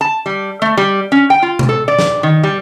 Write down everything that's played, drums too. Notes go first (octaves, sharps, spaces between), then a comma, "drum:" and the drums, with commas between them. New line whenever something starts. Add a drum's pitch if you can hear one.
A5
G3
A3
G3
C#4
G5
F4
drum: tom B2
A4
D5
drum: snare
D#3
G3